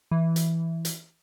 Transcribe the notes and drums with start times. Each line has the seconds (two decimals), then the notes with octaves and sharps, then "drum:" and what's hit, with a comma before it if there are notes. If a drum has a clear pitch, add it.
0.11 E3
0.36 drum: hi-hat
0.85 drum: hi-hat